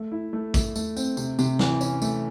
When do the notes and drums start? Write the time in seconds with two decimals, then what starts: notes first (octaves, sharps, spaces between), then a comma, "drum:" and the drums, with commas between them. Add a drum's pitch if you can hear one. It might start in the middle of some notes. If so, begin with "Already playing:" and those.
Already playing: A3
0.11 E4
0.33 A3
0.54 A3, drum: kick, tambourine
0.76 A3, drum: tambourine
0.97 C4, drum: tambourine
1.17 C3, drum: tambourine
1.39 C3, drum: tambourine
1.59 E3, drum: snare
1.81 C#4, drum: tambourine
2.02 A3, drum: tambourine